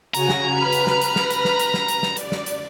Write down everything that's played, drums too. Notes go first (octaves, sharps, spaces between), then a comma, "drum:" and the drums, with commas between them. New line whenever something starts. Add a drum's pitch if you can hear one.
C#3 F#4 G#5 A#5, drum: hi-hat
drum: snare
B4 B5 F6
drum: hi-hat
drum: snare
drum: hi-hat
drum: snare
drum: hi-hat
drum: snare
drum: hi-hat
drum: snare
drum: hi-hat
drum: snare
D5, drum: hi-hat
drum: snare
drum: hi-hat